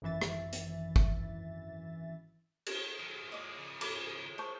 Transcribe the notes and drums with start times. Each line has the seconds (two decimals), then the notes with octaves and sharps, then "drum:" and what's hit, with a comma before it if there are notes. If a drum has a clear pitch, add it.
0.02 G#1 F#2 E3 E5 A6
0.22 drum: rim click
0.53 drum: hi-hat
0.96 drum: kick
2.66 drum: cymbal
3.00 D#3 F#3
3.32 G#3 A#3 D5 D#5
3.57 C#3 F3
3.81 A#5 B5 D6, drum: cymbal
4.38 C5 A5 C#6